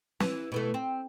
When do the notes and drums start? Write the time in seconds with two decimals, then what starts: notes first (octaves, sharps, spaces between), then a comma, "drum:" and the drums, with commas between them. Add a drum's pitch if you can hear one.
0.20 E3, drum: snare
0.52 B2 E3 A3
0.74 C4